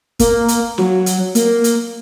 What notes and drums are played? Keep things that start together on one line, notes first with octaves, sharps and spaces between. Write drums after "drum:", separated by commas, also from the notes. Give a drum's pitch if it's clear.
A#3, drum: kick, hi-hat
drum: hi-hat
F#3, drum: snare
drum: hi-hat
A#3, drum: hi-hat
drum: hi-hat